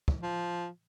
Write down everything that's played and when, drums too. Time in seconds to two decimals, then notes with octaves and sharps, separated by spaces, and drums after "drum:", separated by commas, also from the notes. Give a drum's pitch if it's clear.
0.08 drum: kick
0.22 F3